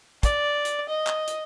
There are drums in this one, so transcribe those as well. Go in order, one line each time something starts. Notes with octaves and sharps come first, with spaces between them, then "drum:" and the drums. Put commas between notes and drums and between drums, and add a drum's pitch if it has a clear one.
D5, drum: kick, hi-hat
drum: hi-hat
D#5
drum: clap
drum: hi-hat